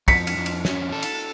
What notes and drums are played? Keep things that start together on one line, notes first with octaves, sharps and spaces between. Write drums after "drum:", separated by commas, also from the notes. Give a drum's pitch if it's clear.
F2 B6 C#7, drum: kick, cymbal
drum: cymbal
F2
drum: cymbal
C#4, drum: snare
A4
drum: cymbal